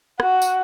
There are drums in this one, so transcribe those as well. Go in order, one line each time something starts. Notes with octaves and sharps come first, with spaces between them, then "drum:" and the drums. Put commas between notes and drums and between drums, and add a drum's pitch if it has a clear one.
F#4, drum: rim click
drum: tambourine